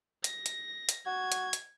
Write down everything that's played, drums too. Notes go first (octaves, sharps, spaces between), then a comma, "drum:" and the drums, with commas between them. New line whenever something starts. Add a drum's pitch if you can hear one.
A#6, drum: hi-hat
drum: hi-hat
drum: hi-hat
F#4 G#6
drum: hi-hat
drum: hi-hat